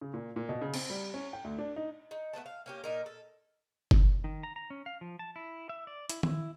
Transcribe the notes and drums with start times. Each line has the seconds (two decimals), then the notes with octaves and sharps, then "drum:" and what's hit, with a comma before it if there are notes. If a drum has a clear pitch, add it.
0.01 C#3
0.14 A#2
0.36 A#2
0.49 B2
0.61 C#3
0.74 C4, drum: cymbal
0.90 G3
1.14 C#4
1.33 G5
1.44 D2
1.59 D4
1.76 D#4
2.11 D#4
2.33 A3 B3 G5 A5
2.46 F5
2.66 A#3 C#4 G4
2.84 A#2 D#4 A#4
3.06 A4
3.91 drum: kick F#1
4.24 D#3
4.43 A#5
4.56 A#5
4.70 C#4
4.86 F5
5.01 F3
5.19 A5
5.36 E4
5.69 E5
5.87 D5
6.09 E4, drum: hi-hat
6.23 E4, drum: tom D#3